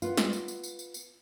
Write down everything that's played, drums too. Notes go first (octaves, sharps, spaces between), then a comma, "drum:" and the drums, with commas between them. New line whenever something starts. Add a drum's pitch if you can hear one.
B3 F4, drum: tambourine
drum: snare
drum: tambourine
drum: tambourine
drum: tambourine
drum: tambourine
drum: tambourine